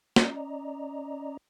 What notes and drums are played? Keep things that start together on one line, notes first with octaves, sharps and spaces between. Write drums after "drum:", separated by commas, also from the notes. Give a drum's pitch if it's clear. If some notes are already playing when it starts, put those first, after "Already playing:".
C#4 D5 D#5 A#5, drum: snare